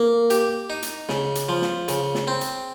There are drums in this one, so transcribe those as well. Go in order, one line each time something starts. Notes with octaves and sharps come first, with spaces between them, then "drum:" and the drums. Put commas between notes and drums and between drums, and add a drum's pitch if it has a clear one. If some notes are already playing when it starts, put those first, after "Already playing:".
Already playing: A#3
G4, drum: hi-hat
D#4
drum: hi-hat
C#3, drum: snare
drum: hi-hat
F3
drum: snare
C#3, drum: hi-hat
drum: snare
C4
drum: hi-hat